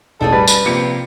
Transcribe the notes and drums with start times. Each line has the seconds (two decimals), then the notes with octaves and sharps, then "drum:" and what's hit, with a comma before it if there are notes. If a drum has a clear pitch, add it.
0.21 E1 A1 D4 D#4 G#4 A4
0.32 G3 B4 A6
0.48 B4, drum: tambourine
0.65 A#1 C3 A#3 F4 G4 C#7